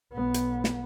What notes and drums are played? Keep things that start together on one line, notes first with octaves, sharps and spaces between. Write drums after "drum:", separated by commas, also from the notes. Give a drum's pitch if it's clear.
B1 B3
drum: hi-hat
drum: snare